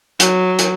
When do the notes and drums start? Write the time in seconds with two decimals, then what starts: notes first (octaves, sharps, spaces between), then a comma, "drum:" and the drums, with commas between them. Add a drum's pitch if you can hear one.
0.20 F#3, drum: hi-hat
0.59 drum: hi-hat